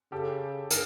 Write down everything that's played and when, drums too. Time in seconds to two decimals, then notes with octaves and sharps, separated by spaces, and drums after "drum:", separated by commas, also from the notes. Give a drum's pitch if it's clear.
0.12 C#3 G4 A4
0.71 G#4 A#4, drum: hi-hat